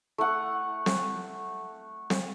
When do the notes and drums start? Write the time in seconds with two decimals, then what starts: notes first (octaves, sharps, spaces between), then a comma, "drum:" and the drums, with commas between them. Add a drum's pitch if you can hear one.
0.18 A3 F#5
0.86 drum: snare C4
2.10 drum: snare C4